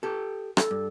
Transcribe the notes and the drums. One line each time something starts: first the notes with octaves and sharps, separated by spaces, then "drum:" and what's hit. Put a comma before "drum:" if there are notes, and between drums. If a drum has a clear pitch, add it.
G4 A4
A4, drum: rim click
G2